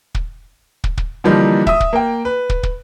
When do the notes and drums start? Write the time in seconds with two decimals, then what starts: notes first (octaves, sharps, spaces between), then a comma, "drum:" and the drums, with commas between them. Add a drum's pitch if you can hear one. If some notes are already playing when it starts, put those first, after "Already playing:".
0.15 drum: kick
0.84 drum: kick
0.97 drum: kick
1.24 D3 E3 F3 G3 A#3 D#4
1.67 E5 D#6, drum: kick
1.80 drum: kick
1.93 A#3 G5
2.25 B4
2.50 drum: kick
2.63 drum: kick